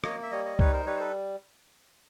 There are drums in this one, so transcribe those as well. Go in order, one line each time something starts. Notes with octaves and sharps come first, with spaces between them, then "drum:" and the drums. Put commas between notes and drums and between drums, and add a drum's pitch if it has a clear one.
A#3 C#5 D#5, drum: rim click
E5
G3 C#5 D#5
C#5 D#5
D#4 B4 C#5, drum: kick C2
A#4 C5
G3 B4 C#5
C5
A4 B4